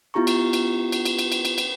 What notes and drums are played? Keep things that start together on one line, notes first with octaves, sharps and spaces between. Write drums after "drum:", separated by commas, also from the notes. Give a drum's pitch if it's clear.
B3 E4 F4 G4 A#5 C#6
drum: cymbal
drum: cymbal
drum: cymbal
drum: cymbal
drum: cymbal
drum: cymbal
drum: cymbal
drum: cymbal